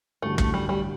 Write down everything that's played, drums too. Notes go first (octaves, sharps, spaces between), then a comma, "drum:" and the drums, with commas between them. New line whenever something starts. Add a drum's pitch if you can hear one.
A1 G2 D3 F#3 A3
A3, drum: kick
G3
G3